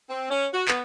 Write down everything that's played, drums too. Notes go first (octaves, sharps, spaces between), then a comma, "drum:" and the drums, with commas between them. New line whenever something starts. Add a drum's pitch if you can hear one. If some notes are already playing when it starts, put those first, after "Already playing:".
C4
C#4
F#4
B3, drum: clap